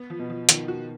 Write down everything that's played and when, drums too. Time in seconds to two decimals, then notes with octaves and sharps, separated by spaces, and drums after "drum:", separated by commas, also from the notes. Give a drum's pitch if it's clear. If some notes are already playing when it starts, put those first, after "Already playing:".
Already playing: B3
0.10 F3
0.19 B2
0.30 F3
0.49 D#3 F3, drum: hi-hat
0.68 F#4